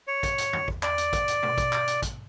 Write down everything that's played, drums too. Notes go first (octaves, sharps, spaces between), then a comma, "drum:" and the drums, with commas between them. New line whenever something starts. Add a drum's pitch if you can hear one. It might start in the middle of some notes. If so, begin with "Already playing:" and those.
C#5
drum: kick, hi-hat
drum: hi-hat
drum: tom E2
drum: kick
D5, drum: clap
drum: hi-hat
drum: kick, hi-hat
drum: hi-hat
drum: tom B2
drum: kick, hi-hat
drum: clap
drum: hi-hat
drum: kick, hi-hat